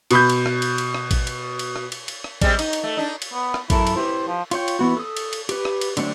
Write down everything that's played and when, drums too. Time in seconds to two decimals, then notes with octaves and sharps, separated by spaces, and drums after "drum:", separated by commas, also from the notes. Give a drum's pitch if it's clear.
0.11 B2 B5 G6, drum: cymbal
0.30 drum: cymbal
0.46 drum: rim click
0.62 drum: cymbal
0.78 drum: cymbal
0.94 drum: rim click
1.11 drum: kick A1, cymbal
1.27 drum: cymbal
1.59 drum: cymbal
1.76 drum: rim click
1.92 drum: cymbal
2.08 drum: cymbal
2.24 drum: rim click
2.41 G3 G#3 C4, drum: kick A1, cymbal
2.59 D#4, drum: cymbal
2.73 drum: cymbal
2.83 A3
2.97 D4 D#4
3.22 drum: cymbal
3.33 B3
3.54 drum: rim click
3.70 F#2 E4 A4 A#4, drum: kick A1, cymbal
3.87 drum: cymbal
3.96 E4 G4 B4 C5
4.27 F3
4.51 F4 C#5 G5, drum: cymbal
4.68 drum: cymbal
4.79 E3 B3 F#4
4.97 A4 D#6
5.17 drum: cymbal
5.33 drum: cymbal
5.49 G4 B4, drum: cymbal
5.65 drum: rim click
5.81 drum: cymbal
5.97 D3 F#3 A3 C4 D4, drum: cymbal